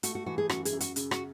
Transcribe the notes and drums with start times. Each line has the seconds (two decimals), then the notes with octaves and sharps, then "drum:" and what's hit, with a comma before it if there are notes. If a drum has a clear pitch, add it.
0.03 A3 F#4, drum: hi-hat
0.15 F#4
0.26 E3 F#4
0.38 G#4
0.49 F#2 F#4, drum: rim click
0.65 G#4, drum: hi-hat
0.73 F#2
0.80 F#4, drum: hi-hat
0.96 C#3, drum: hi-hat
1.11 F#4, drum: rim click